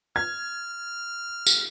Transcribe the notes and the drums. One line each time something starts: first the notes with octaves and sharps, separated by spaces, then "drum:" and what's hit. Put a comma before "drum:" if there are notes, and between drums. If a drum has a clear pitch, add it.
F6 G#6
drum: tambourine